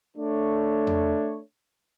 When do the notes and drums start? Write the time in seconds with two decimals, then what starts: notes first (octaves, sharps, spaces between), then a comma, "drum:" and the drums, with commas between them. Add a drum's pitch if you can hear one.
0.17 A3 D4 C#5
0.87 drum: tom E2